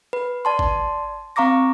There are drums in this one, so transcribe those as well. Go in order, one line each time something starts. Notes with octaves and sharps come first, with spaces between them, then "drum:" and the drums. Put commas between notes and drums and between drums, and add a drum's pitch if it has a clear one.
B4
D5 A5 C6
drum: kick G1
C4 F5 A#5 C#6 D6 A#6